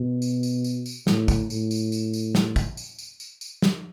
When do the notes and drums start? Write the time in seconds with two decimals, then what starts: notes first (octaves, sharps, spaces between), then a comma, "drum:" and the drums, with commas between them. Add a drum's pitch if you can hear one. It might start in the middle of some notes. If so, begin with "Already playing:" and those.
Already playing: B2
0.22 drum: tambourine
0.43 drum: tambourine
0.64 drum: tambourine
0.86 drum: tambourine
1.07 A2, drum: snare
1.28 drum: kick, tambourine
1.50 A2, drum: tambourine
1.71 drum: tambourine
1.92 drum: tambourine
2.13 drum: tambourine
2.35 drum: snare
2.56 drum: kick, tambourine
2.77 drum: tambourine
2.99 drum: tambourine
3.20 drum: tambourine
3.41 drum: tambourine
3.62 drum: snare